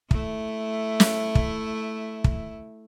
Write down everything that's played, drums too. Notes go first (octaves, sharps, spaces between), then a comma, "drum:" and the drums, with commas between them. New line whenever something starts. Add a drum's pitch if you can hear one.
A3 E4, drum: kick
drum: snare
drum: kick
drum: kick